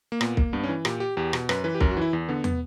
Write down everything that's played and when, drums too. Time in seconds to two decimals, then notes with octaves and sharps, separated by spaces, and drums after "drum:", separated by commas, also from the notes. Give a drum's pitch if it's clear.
0.12 A#3
0.21 A#2 B3, drum: rim click
0.37 A#3, drum: kick
0.53 G2 B3
0.64 C#4
0.69 E3
0.85 A#2 G4, drum: rim click
1.00 G4
1.17 E2 G4
1.33 B2, drum: rim click
1.49 F#2 B4, drum: rim click
1.64 E3 B4
1.75 G4
1.81 F#2 A#4, drum: kick
1.91 F#4
1.97 E3 E4
2.13 E2
2.29 D3 B3
2.44 B3, drum: tom